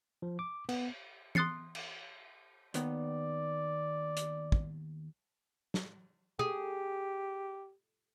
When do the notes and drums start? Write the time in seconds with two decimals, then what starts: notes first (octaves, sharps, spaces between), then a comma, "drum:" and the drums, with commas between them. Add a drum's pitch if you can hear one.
0.22 F3
0.39 D6
0.69 B3, drum: cymbal
1.35 C6 D#6 F#6 A6 C7 C#7, drum: tom E3
1.75 drum: cymbal
2.74 D#2 D#3 B3 D5, drum: hi-hat
4.17 drum: hi-hat
4.52 drum: kick
5.74 drum: snare
6.39 G4 G#4